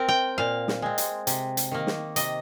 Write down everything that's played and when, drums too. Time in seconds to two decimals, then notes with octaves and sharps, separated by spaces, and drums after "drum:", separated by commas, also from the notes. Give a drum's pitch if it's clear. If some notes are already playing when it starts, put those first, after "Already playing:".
Already playing: C4 A#4
0.09 G5
0.38 A#2 F5
0.68 drum: snare
0.82 G#3 C4
0.98 drum: hi-hat
1.27 C3, drum: hi-hat
1.57 drum: hi-hat
1.71 D#3 A#3
1.87 drum: snare
2.16 C3 D#5, drum: hi-hat